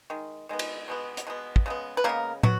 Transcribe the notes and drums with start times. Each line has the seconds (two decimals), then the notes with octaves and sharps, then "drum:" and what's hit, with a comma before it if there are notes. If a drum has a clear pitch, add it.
0.10 D#3 G#3
0.49 D#3 G#3 B3
0.59 drum: cymbal
0.88 B2 G#3 B3
1.17 drum: hi-hat
1.27 B2 G#3 B3
1.56 drum: kick
1.66 C#3 G#3 B3
1.97 B4
2.04 C#3 G#3 A#3 B3 A#4
2.43 F#3 B3 F#4, drum: tom